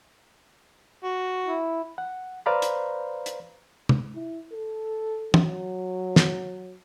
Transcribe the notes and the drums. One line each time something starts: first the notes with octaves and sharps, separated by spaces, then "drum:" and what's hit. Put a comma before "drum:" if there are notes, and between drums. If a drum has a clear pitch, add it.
F#4
E4
F#5
B4 C5 D5 F5 A#5 B5
drum: hi-hat
drum: hi-hat
drum: tom
E4
A4
F#3, drum: tom
drum: snare